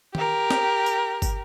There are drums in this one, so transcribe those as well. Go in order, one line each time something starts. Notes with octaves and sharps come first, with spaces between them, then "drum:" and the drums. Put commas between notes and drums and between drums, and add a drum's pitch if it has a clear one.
G4 A#4, drum: tom D#3
drum: snare
drum: tambourine
drum: kick, tambourine